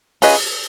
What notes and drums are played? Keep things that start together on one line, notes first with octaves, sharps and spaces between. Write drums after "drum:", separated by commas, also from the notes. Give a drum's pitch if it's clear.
C#4 F4 G#4 B4 D#5, drum: open hi-hat